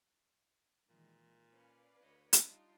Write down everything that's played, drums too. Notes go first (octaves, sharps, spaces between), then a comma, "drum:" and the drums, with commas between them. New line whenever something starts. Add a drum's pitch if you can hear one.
A#2 D#3 E3 G#3
C#4 B4 D5 F5
D2 C#5 D#5 B5
drum: hi-hat
G3 D4 D#4 F4